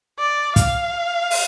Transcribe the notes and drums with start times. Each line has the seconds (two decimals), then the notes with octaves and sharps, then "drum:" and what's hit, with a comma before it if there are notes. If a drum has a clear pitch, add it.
0.19 D5
0.56 F5, drum: kick, hi-hat
1.31 drum: open hi-hat